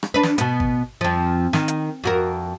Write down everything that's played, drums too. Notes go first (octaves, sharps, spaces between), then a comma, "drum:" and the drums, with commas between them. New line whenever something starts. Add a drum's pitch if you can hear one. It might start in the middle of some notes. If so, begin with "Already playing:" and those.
drum: rim click
D4 B4
drum: snare
B2 B3, drum: hi-hat
drum: kick G#1
F2 F3
D#3, drum: snare
drum: hi-hat
F2 F#4 A#4